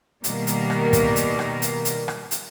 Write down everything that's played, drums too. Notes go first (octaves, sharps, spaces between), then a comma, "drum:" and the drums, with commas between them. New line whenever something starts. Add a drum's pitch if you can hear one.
B2 D#3 G3 A#3 A#4, drum: hi-hat
drum: hi-hat
drum: rim click
drum: kick, hi-hat
drum: hi-hat
drum: rim click
drum: hi-hat
drum: hi-hat
drum: rim click
drum: hi-hat